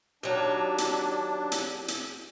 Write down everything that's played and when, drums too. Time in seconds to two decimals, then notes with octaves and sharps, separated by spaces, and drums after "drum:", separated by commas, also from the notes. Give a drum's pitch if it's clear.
0.23 D#2 F#3 D4
0.78 drum: hi-hat
1.52 drum: hi-hat
1.88 drum: hi-hat